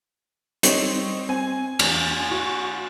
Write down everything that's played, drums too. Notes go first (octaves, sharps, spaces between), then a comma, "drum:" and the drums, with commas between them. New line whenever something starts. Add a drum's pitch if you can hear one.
G3 C4 D#4 C#5, drum: hi-hat
C4 G#5
E2, drum: cymbal
G#5
F#4